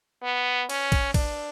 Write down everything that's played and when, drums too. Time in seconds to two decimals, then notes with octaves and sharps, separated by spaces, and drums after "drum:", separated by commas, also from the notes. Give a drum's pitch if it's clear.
0.23 B3
0.69 C#4, drum: cymbal
0.92 drum: kick, cymbal
1.14 D4, drum: kick, cymbal